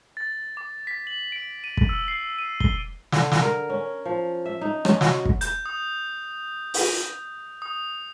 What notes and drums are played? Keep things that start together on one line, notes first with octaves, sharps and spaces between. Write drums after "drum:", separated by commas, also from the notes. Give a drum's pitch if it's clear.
A6
D6
B6
F#7
D7
D#7
drum: kick
E6
C7
D#7
G7, drum: kick
D3, drum: snare
drum: snare
A#4
C#4
F3
E5
D#4
C#4, drum: rim click
F#4, drum: snare
drum: kick
G6, drum: hi-hat
D#6
drum: open hi-hat
D#6